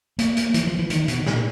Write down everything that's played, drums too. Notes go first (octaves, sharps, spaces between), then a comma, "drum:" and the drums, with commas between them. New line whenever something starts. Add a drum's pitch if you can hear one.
A#3, drum: hi-hat
drum: hi-hat
E3, drum: hi-hat
F3
E3
D#3, drum: hi-hat
B2, drum: hi-hat
A#2, drum: snare